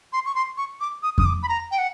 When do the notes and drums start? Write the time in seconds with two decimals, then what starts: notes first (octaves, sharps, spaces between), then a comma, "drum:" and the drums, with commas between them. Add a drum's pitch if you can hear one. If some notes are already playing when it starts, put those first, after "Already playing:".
0.13 C6
0.26 C#6
0.35 C6
0.57 C#6
0.81 D6
1.03 D#6
1.18 D#6, drum: kick F2
1.26 D6
1.43 B5
1.49 A#5
1.71 G5
1.79 F#5